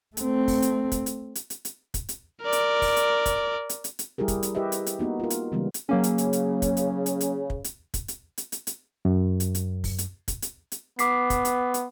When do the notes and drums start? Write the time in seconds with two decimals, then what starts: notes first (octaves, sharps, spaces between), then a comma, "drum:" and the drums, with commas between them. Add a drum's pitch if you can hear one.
0.17 A3 C4, drum: hi-hat
0.48 drum: kick, open hi-hat
0.62 drum: hi-hat
0.92 drum: kick, hi-hat
1.06 drum: hi-hat
1.35 drum: hi-hat
1.50 drum: hi-hat
1.65 drum: hi-hat
1.94 drum: kick, hi-hat
2.09 drum: hi-hat
2.43 A#4 D5
2.52 drum: hi-hat
2.82 drum: kick, open hi-hat
2.96 drum: hi-hat
3.26 drum: kick, hi-hat
3.69 drum: hi-hat
3.84 drum: hi-hat
3.99 drum: hi-hat
4.18 G3 E4 G4 G#4 A#4
4.28 drum: kick, hi-hat
4.43 drum: hi-hat
4.55 E4 G4 B4 D#5 E5
4.72 drum: hi-hat
4.86 drum: hi-hat
4.99 A#3 B3 D#4 F#4
5.20 F4 A#4
5.30 drum: hi-hat
5.52 C#3 E3 G3 G#3 B3
5.74 drum: hi-hat
5.89 C#3 F#3 A#3 C#4
6.04 drum: hi-hat
6.18 drum: hi-hat
6.33 drum: hi-hat
6.62 drum: kick, hi-hat
6.77 drum: hi-hat
7.06 drum: hi-hat
7.21 drum: hi-hat
7.50 drum: kick
7.64 drum: hi-hat
7.94 drum: kick, hi-hat
8.08 drum: hi-hat
8.38 drum: hi-hat
8.52 drum: hi-hat
8.67 drum: hi-hat
9.05 F#2
9.40 drum: hi-hat
9.55 drum: hi-hat
9.84 drum: kick, open hi-hat
9.98 drum: hi-hat
10.28 drum: kick, hi-hat
10.42 drum: hi-hat
10.72 drum: hi-hat
10.99 B3 D6 B6 C7, drum: hi-hat
11.30 drum: kick, hi-hat
11.45 drum: hi-hat
11.74 drum: hi-hat